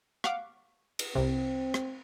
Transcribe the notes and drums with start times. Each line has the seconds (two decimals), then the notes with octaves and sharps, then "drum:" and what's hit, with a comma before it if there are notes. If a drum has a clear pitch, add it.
0.24 F5 F#5 D6, drum: rim click
0.99 drum: cymbal
1.15 C2 C3 C4
1.74 drum: rim click